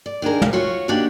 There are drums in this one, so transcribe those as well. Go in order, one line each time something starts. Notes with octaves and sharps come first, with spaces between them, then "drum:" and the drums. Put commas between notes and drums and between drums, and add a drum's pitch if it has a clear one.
D5
D#3 D4 G#4 A#4
drum: tom
F4 F#4 C#5
D#3 A#3 D4 F#4 G4